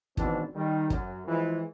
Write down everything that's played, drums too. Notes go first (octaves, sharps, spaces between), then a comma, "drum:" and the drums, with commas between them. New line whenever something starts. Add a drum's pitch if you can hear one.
G#1 B2 D#3 E3 C4 D4, drum: kick
D#3 G3
F#2, drum: kick
E3 F3 G#3